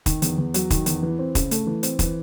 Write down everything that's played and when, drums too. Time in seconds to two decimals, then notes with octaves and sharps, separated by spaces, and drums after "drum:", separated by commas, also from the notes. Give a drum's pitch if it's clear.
0.06 D#3, drum: kick, hi-hat
0.22 E2, drum: hi-hat
0.38 E2
0.54 F#3, drum: hi-hat
0.70 D#3, drum: kick, hi-hat
0.86 E2, drum: hi-hat
1.03 E3
1.19 C4
1.35 C#3, drum: kick, hi-hat
1.51 A3, drum: hi-hat
1.67 E3
1.83 C4, drum: hi-hat
1.99 E3, drum: kick, hi-hat